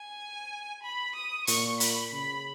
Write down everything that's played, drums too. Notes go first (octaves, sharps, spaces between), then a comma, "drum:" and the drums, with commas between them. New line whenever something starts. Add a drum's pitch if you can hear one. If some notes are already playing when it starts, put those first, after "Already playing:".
Already playing: G#5
B5
D#6
A#2 C#6, drum: hi-hat
B5, drum: hi-hat
C#3 B5